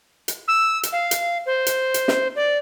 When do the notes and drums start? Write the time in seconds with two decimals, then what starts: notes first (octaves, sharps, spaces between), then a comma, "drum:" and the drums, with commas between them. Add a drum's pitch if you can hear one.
0.28 drum: hi-hat
0.48 E6
0.83 drum: hi-hat
0.92 F5
1.11 drum: hi-hat
1.46 C5
1.67 drum: hi-hat
1.94 drum: hi-hat
2.08 drum: snare
2.36 D5